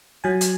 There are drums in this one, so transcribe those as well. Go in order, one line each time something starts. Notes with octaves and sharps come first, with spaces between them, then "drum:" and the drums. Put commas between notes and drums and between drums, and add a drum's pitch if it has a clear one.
F#3 G#5
drum: hi-hat